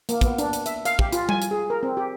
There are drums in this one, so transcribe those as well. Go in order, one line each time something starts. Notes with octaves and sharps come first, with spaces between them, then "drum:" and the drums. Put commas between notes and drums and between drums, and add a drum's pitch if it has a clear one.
A#3, drum: hi-hat
B3, drum: kick, hi-hat
D4, drum: hi-hat
drum: hi-hat
E5, drum: hi-hat
F5, drum: hi-hat
G4, drum: kick
F4, drum: hi-hat
G#5, drum: tom G3
drum: hi-hat
G#4
A#4
C4
G4